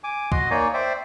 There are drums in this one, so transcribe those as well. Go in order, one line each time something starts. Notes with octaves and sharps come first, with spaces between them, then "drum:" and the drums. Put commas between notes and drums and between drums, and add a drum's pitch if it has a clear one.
G#5 D6
F#4 D#5 C6 D#6, drum: kick
A#3 D#4 C#5 D5 G#5
C5 D5 E5 G5